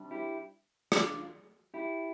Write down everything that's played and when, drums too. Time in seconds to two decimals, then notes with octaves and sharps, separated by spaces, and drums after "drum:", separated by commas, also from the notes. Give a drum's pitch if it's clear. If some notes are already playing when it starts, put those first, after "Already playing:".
Already playing: C3 G3 D4
0.11 E4 G4
0.92 D4 F4, drum: rim click
1.74 E4 G4